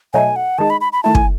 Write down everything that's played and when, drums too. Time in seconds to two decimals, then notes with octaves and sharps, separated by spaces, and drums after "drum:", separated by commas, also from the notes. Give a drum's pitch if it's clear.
0.13 B2 F#3 A3 D#4 G#5
0.36 F#5
0.58 D#3 G#3 D#4 A5
0.70 B5
0.81 B5
0.93 B5
1.03 D#3 A3 E4 A5
1.15 G#5, drum: kick